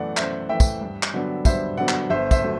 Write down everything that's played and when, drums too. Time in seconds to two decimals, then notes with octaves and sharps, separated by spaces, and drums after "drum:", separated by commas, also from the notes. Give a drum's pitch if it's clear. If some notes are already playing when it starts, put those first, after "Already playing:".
Already playing: F#2 E3 A3 D5 F#5
0.17 F#2 C5 E5, drum: clap
0.49 E3 A3 E5 G5
0.60 drum: kick, tambourine
0.81 G2
1.03 drum: clap
1.14 D3 F#3 B3 D4
1.45 G2 C5 E5, drum: kick, tambourine
1.77 D3 F#3 B3 D4 D5 F#5
1.89 drum: clap
2.10 G1 C5 E5
2.31 C5 E5, drum: kick, tambourine
2.43 F#3 A3